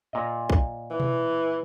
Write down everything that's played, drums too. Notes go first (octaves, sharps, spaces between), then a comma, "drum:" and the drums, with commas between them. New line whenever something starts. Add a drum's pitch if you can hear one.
A#2 D#5
drum: kick B1
E3
drum: tom B2